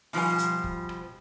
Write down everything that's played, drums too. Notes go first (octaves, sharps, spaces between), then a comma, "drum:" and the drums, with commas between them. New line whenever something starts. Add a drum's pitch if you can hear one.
B2 F3 G3 G#5, drum: open hi-hat
drum: hi-hat
drum: kick
drum: rim click